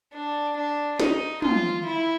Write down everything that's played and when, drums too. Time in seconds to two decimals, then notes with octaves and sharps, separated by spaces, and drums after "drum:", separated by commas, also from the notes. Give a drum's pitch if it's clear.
0.13 D4
0.56 D4
1.00 D#4, drum: snare
1.42 F4, drum: tom
1.86 E4